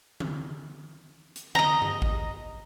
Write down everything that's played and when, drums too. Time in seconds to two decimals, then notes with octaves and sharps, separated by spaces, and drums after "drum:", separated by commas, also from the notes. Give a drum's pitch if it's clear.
0.20 drum: tom D3
1.36 drum: hi-hat
1.55 D#5 A#5, drum: tom D3
1.82 drum: tom G2
2.02 drum: kick A1